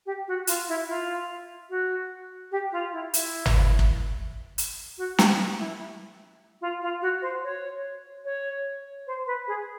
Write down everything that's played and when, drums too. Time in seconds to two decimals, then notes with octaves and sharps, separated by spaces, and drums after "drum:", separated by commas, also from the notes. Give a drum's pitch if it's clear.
0.06 G4
0.28 F#4
0.47 F4, drum: hi-hat
0.68 E4
0.88 F4
1.70 F#4
2.51 G4
2.72 F4
2.92 E4
3.14 E4, drum: hi-hat
3.45 drum: tom
3.79 drum: kick
4.58 drum: hi-hat
4.98 F#4
5.19 G4, drum: snare
5.58 E4
6.61 F4
6.82 F4
7.01 F#4
7.22 C5
7.43 C#5
8.25 C#5
9.07 C5
9.26 B4
9.47 G#4